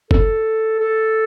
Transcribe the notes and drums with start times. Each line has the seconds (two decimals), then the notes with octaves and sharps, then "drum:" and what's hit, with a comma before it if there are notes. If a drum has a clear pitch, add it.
0.11 A4, drum: kick
0.80 A4